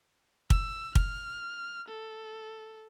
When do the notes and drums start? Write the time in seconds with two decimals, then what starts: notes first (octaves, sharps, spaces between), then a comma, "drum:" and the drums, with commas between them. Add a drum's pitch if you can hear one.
0.50 E6, drum: kick
0.95 F6, drum: kick
1.88 A4